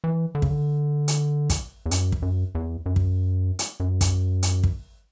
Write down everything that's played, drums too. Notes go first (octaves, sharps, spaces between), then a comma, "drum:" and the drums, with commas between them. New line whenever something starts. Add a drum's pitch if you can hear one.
E3
D3
C#3, drum: kick
D3
drum: hi-hat
drum: kick, hi-hat
E2
F#2, drum: hi-hat
drum: kick
F#2
E2
F#2
drum: kick
drum: hi-hat
F#2
drum: kick, hi-hat
drum: hi-hat
drum: kick